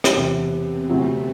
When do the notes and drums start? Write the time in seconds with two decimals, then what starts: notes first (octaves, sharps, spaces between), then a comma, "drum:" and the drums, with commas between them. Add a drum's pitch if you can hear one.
0.04 drum: rim click
0.15 E1 E2 C3 B3
0.52 C4
0.89 D2 C3 F#3 A3